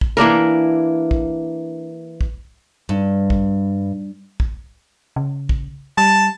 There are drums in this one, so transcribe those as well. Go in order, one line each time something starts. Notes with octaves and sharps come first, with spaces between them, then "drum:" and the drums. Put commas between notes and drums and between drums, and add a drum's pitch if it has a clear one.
drum: kick
E3 A#3 D4 A#4
drum: kick
drum: kick
G2
drum: kick
drum: kick
C#3
drum: kick
G3 A5